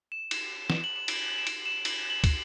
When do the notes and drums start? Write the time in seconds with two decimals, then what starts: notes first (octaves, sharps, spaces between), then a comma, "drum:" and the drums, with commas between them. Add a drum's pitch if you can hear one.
0.12 E7
0.31 E7, drum: cymbal
0.70 E7, drum: snare
0.84 F#7
0.96 E7
1.08 D7, drum: cymbal
1.31 F#7
1.38 E7
1.47 D7, drum: cymbal
1.66 E7
1.85 F#7, drum: cymbal
2.10 F#7
2.24 drum: kick, cymbal